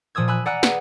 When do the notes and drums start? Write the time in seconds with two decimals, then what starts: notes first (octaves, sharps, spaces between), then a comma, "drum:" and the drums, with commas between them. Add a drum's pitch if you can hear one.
0.15 A#2 F3 D#6 E6 G#6
0.28 G#5 B5 E6 F#6
0.46 D5 F#5 G#5 A#5 E6 F#6
0.63 G#4 B4, drum: snare